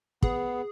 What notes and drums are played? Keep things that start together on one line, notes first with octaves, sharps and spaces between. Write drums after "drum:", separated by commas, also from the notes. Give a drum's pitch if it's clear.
B3 G#4, drum: kick